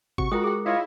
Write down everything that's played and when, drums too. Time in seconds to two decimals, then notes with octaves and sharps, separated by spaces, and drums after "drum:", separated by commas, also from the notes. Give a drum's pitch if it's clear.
0.18 C3 F#4 C#6, drum: kick G#1
0.32 G#3 F4 F#4 A#4 G5 D#6
0.44 G#4 G5
0.66 E4 F4 C#5 D#5